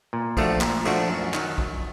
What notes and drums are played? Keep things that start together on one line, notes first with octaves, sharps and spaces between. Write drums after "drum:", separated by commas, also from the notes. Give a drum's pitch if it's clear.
A#2
F3 A3 D4 F#4, drum: kick A#1, cymbal
A#2, drum: clap
F3 A3 D4 F#4, drum: cymbal
F#2
D#3 F#3, drum: clap
F#2, drum: kick A#1